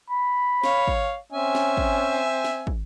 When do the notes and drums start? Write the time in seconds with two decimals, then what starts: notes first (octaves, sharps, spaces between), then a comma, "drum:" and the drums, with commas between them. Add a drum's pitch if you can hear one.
0.10 B5
0.64 C#5 F5, drum: snare
0.88 drum: kick
1.32 C4 C#4 E5 G#5
1.55 drum: snare
1.77 drum: kick
2.44 drum: snare
2.67 drum: kick